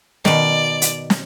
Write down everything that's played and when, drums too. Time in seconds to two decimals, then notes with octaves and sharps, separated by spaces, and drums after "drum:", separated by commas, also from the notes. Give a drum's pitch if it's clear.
0.25 B2 D#3 D5, drum: snare
0.82 drum: hi-hat
1.10 drum: snare